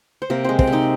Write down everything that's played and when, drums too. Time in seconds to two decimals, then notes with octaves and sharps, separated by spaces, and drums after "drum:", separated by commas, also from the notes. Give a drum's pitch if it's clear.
0.22 C5
0.30 C3 A#3 A#4
0.44 G#3 C4 C5
0.59 C4 C5, drum: kick
0.67 C3
0.73 D#4 D#5